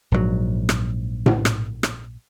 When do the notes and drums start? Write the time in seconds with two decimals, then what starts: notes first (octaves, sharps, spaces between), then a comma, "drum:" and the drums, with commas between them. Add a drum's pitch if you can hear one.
0.12 A#1 G#2 B2 F#3
0.69 drum: rim click
1.26 drum: tom A2
1.45 drum: rim click
1.83 drum: rim click